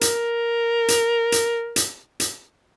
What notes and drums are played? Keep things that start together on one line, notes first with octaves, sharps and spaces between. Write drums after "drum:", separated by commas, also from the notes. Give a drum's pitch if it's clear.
A#4, drum: hi-hat
drum: hi-hat
drum: hi-hat
drum: hi-hat
drum: hi-hat